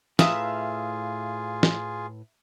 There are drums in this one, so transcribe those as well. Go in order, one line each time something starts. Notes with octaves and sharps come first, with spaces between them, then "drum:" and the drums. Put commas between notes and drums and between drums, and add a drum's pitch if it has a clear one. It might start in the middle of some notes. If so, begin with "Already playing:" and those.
A2 F4 G#4 B4 E5 F5 A#5 D#6, drum: snare
drum: snare